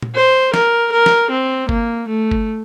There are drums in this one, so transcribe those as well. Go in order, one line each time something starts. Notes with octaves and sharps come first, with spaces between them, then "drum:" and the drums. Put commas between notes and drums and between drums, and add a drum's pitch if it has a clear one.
drum: tom A#2
C5
A#4, drum: snare
A#4
drum: snare
C4
A#3, drum: kick G1
A3
drum: kick G1